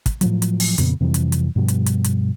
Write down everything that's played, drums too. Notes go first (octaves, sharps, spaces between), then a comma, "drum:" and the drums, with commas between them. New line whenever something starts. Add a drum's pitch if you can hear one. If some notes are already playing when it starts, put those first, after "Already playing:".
drum: kick, hi-hat
A2 F3 F#3, drum: hi-hat
drum: hi-hat
drum: open hi-hat
F2 A#2 C#3 B3, drum: hi-hat
F2 C3 E3 G3
drum: hi-hat
drum: hi-hat
G2 B2 F3 G3
drum: hi-hat
drum: hi-hat
drum: hi-hat